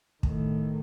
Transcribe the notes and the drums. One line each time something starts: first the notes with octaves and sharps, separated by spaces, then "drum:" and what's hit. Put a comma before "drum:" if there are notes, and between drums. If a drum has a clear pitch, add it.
A2 D#3, drum: kick